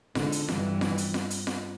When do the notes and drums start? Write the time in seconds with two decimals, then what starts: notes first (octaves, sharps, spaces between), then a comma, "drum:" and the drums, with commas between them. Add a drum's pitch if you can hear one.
0.15 G#2 D3, drum: snare F4
0.32 drum: hi-hat
0.48 G2 E3, drum: snare F4
0.81 E3, drum: snare F4
0.98 drum: hi-hat
1.14 drum: snare F4
1.30 drum: hi-hat
1.47 drum: snare F4